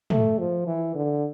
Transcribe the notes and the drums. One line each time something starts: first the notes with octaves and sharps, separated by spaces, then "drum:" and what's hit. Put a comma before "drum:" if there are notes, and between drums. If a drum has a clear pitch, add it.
A3, drum: tom
F3
E3
D3